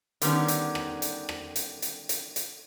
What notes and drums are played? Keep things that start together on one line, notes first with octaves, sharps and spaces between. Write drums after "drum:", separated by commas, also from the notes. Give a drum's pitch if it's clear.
D3 D#3 G3 B3 C#4, drum: hi-hat
drum: hi-hat
drum: rim click
drum: hi-hat
drum: rim click
drum: hi-hat
drum: hi-hat
drum: hi-hat
drum: hi-hat